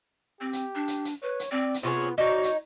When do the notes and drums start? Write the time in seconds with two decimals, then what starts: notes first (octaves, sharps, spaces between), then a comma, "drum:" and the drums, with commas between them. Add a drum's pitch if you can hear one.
0.41 C4 G4
0.53 drum: hi-hat
0.75 D4
0.88 drum: hi-hat
1.05 drum: hi-hat
1.22 B4 C#5
1.40 drum: hi-hat
1.52 C4 D5
1.74 drum: hi-hat
1.83 C3 B3 C#4 F4 G#4
2.18 D#4 F#4 C#5 D5
2.44 drum: hi-hat